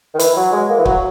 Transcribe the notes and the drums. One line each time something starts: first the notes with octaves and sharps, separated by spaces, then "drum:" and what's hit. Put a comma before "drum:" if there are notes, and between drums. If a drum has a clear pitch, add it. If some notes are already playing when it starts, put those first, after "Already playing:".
D#3
E3, drum: hi-hat
F#3
G#3
A#3
E3
F#3, drum: kick